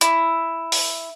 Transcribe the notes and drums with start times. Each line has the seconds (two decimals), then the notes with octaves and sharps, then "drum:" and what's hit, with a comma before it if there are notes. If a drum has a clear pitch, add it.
0.01 E4, drum: hi-hat
0.72 drum: open hi-hat